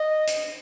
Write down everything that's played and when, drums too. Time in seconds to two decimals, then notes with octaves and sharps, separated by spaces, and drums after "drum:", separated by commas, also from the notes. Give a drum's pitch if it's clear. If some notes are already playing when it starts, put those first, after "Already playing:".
Already playing: D#5
0.27 drum: hi-hat